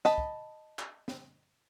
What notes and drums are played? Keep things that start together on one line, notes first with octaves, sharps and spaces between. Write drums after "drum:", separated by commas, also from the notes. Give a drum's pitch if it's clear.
D#5 A5 B5, drum: snare
drum: kick
drum: clap
drum: snare